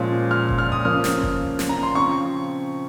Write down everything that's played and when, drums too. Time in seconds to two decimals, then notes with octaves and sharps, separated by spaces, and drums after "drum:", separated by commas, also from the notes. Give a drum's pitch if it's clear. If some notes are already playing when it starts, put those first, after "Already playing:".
Already playing: A#2 F3 G#3 C#4
0.31 F6
0.49 drum: kick F#1
0.58 F6
0.72 D#6
0.85 C#3 F3 A#3 C#4 F6
1.04 drum: snare
1.22 drum: kick F#1
1.59 drum: snare
1.69 A#5
1.83 C6
1.95 C#3 F3 C4 C#6